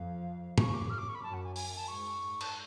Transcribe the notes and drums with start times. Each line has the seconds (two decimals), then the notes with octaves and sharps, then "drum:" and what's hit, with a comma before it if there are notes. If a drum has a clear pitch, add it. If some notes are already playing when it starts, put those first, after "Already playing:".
Already playing: F2 F5
0.58 F#2 C#6, drum: tom
0.74 D6
0.90 F6
0.98 D6
1.09 C#6
1.15 B5
1.23 F#2 A5
1.34 F#5
1.44 G#5
1.56 G#5, drum: open hi-hat
1.77 A5
1.87 G#2 C#6
2.41 A5, drum: cymbal